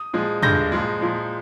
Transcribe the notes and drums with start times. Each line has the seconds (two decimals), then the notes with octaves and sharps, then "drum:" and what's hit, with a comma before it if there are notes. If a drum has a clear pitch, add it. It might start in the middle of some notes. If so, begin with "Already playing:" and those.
Already playing: D#6
0.13 A#2 F3 G#3
0.43 G2 D3 G#3 G6 A#6, drum: tom
0.72 A#2 F3 G#3
1.01 A#2 F3 G#3